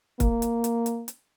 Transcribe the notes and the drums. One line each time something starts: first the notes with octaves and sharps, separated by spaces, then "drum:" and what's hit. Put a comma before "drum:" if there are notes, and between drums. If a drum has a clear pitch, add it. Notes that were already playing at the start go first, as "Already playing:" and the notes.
A#3, drum: kick, hi-hat
drum: hi-hat
drum: hi-hat
drum: hi-hat
drum: hi-hat